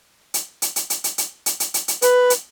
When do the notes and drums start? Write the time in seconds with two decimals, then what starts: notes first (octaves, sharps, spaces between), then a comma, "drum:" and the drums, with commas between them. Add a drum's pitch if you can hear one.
0.34 drum: hi-hat
0.62 drum: hi-hat
0.76 drum: hi-hat
0.90 drum: hi-hat
1.04 drum: hi-hat
1.18 drum: hi-hat
1.46 drum: hi-hat
1.60 drum: hi-hat
1.74 drum: hi-hat
1.88 drum: hi-hat
2.02 B4, drum: hi-hat
2.30 drum: hi-hat